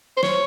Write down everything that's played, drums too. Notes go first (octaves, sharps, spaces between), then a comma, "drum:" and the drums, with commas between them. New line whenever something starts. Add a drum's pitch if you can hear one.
C5
C#5, drum: snare